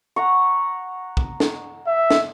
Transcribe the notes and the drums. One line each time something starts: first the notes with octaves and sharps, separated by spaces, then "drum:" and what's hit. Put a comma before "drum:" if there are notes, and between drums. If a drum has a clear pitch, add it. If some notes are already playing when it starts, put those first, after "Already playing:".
F#5 A#5 C#6
drum: kick
drum: snare
E5
drum: snare